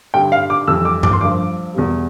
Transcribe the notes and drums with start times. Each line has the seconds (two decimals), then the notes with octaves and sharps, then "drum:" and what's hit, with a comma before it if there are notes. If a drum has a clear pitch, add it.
0.14 G2 D3 G3 G5
0.32 F5
0.50 D6
0.67 F2 E3 G3 E6
0.85 D6
1.03 D6, drum: tom G2
1.13 C6
1.21 G2 F3 D6
1.74 E2 B2 G3